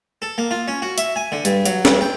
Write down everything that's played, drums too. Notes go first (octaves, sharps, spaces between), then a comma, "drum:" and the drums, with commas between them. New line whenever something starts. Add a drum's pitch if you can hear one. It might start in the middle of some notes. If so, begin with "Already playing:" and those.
A4
A#3
F4
C#4
F#4
E5, drum: hi-hat
G#5
D3
G2, drum: hi-hat
F#3, drum: hi-hat
G2, drum: snare
G5